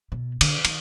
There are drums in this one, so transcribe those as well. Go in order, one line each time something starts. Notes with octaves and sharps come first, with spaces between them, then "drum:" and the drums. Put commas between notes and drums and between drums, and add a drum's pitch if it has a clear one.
B2
D3, drum: cymbal
D#3, drum: cymbal